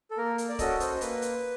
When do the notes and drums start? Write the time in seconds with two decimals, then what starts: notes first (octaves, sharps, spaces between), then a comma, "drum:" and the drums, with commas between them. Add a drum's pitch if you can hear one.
0.11 A4
0.17 A#3 A#4
0.38 drum: hi-hat
0.49 D5
0.59 C#4 F#4 A4 D#5, drum: kick, hi-hat
0.80 C5, drum: hi-hat
1.01 A#3 B4, drum: hi-hat
1.22 drum: hi-hat